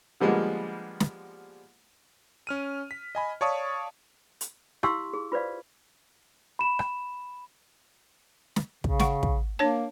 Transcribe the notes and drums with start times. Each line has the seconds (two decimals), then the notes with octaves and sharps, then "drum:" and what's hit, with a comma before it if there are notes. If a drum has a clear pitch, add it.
0.20 D3 F3 G3 G#3 A#3 B3
1.00 drum: snare
2.47 C#4 F6 D#7
2.91 B6
3.15 D#5 G#5 B5
3.41 C#5 D5 F5 A5 C#6 D#6
4.41 drum: hi-hat
4.83 E4 G4 F5 C6 C#6 E6, drum: rim click
5.13 G#4
5.32 F4 B4 C5 D5 F5
6.59 B5 E7
6.79 drum: rim click
8.56 drum: snare
8.84 C#3, drum: kick
9.00 F#5 C#6, drum: snare
9.23 drum: kick
9.59 A#3 D4 C#5 A5